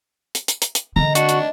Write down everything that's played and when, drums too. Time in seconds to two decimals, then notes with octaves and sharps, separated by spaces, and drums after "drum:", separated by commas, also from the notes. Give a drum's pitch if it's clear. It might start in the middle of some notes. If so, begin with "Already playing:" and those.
0.35 drum: hi-hat
0.48 drum: hi-hat
0.62 drum: hi-hat
0.75 drum: hi-hat
0.96 D3 D#3 G#3 A3 C4 A#5
1.15 D4 D#4 F#4 D#5 B5, drum: hi-hat
1.29 drum: hi-hat